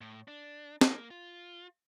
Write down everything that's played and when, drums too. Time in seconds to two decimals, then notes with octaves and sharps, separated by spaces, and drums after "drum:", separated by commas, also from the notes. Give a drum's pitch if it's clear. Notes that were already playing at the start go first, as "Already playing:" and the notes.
0.01 A2
0.28 D4
0.81 A#3, drum: snare
1.11 F4